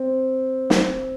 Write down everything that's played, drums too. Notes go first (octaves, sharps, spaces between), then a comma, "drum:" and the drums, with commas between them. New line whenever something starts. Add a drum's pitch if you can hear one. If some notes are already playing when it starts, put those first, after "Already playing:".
Already playing: C4
drum: snare